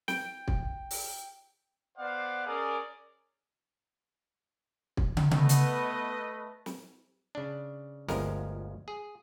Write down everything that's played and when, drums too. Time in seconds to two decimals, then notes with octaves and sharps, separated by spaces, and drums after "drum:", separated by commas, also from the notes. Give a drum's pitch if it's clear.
0.08 G5, drum: snare
0.48 drum: kick
0.91 drum: open hi-hat
1.98 B3 C5 D5 F5 F#5
2.46 C#4 G#4 A#4 D5
4.97 drum: kick
5.17 drum: tom
5.31 A3 B3 B4 D#5, drum: tom
5.49 drum: hi-hat
6.66 drum: snare
7.35 C#3 D4
8.08 G1 D2 F3 G#3 A#4, drum: snare
8.88 G#4